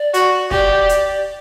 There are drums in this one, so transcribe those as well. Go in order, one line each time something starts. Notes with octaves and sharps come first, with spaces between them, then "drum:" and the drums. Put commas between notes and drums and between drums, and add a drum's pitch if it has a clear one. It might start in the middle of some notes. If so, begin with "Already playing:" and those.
Already playing: D5
F#4, drum: hi-hat
G4 D5, drum: kick
drum: hi-hat